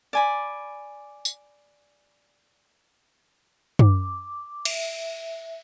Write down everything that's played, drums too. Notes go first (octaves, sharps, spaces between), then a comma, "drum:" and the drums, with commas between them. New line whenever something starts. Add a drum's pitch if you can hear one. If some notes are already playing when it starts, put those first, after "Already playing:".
D5 G#5 B5
drum: tambourine
D6, drum: tom
E5, drum: cymbal